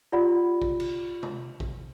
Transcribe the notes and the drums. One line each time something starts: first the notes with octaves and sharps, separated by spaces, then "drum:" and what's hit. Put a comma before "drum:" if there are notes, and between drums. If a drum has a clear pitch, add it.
F4 G4 D5 F#5 B5
drum: kick
drum: cymbal
drum: tom C3
drum: kick